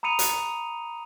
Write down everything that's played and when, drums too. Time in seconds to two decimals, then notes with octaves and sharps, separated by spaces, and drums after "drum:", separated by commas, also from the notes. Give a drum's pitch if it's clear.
0.03 A#5 B5 D#6 C#7 D#7 F7
0.19 drum: hi-hat